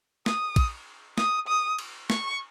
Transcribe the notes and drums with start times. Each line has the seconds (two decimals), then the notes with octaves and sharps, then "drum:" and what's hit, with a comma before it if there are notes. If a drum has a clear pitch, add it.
0.26 D#6, drum: snare
0.56 drum: kick, cymbal
1.18 D#6, drum: snare
1.48 D#6
1.79 drum: cymbal
2.10 C#6, drum: snare